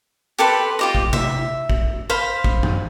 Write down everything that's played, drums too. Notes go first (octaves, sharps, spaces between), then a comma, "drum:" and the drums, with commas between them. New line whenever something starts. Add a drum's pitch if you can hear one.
G4 A4 B4 C6
F4 G4 D#5
drum: kick
E5, drum: tom C3
drum: kick
C5 F5 B5
drum: kick
drum: tom F#2